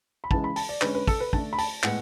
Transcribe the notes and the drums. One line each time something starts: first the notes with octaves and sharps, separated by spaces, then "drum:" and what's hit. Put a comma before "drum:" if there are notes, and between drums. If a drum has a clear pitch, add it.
B5
C#3 E3 G#3 A5, drum: kick
B5
A5, drum: open hi-hat
D5
D3 G#3 C#4 B4, drum: clap
B4
A4, drum: kick, open hi-hat
B4
D3 A3 D4 A5, drum: kick
B5
A5, drum: open hi-hat
A2 G#3 B3 F#5, drum: clap